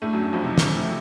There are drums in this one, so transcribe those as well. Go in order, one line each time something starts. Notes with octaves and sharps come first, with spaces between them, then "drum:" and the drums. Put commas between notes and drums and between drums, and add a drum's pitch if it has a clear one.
A2 A3 D4
F#2 F#3
F#2 F#3
F2 F3
C3 D#4
D4, drum: snare
A3